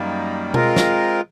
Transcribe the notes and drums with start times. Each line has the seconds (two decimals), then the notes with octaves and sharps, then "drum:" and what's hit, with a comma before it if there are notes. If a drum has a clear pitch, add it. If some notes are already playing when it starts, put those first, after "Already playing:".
Already playing: F#2 D#3 G3 A#3
0.54 G#3 C4 F4 A#4, drum: tom B2
0.76 drum: snare